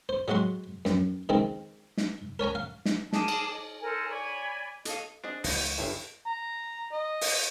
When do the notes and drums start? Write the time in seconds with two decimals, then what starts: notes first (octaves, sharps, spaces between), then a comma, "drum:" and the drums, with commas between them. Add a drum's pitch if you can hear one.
0.09 C5
0.28 F#3 G#3 F#4 F#5 C6
0.85 F#2, drum: snare
1.29 D#3 G#3 C4
1.97 drum: snare
2.39 A#4 C#5 G#5 A#5
2.55 F5
2.85 drum: snare
3.13 G#4 A#4 A5 D6, drum: snare
3.28 drum: cymbal
3.49 D#5
3.82 A4 A#4 C5 G#5
4.09 C#5 D5 G#5 B5
4.85 A4 C#5 D#5 F5, drum: hi-hat
5.24 C4 D4 G#4 D#5
5.44 C#2 E3 G3 B3 D#4, drum: open hi-hat
5.60 G5
5.78 G1 G2 E4 G#4 C#5
6.27 A#5
6.93 D#5
7.21 drum: open hi-hat